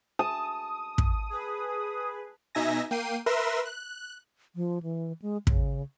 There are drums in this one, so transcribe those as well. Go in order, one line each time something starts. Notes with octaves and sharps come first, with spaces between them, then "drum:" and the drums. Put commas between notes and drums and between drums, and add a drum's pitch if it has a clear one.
A5 D#6
drum: kick
G#4 B4
B2 D#4 E5 G#5 A#6
A#3 G5 C7 D#7
A#4 B4 E5 C6 A#6 E7
F#6
F3
E3
G#3
C#3, drum: kick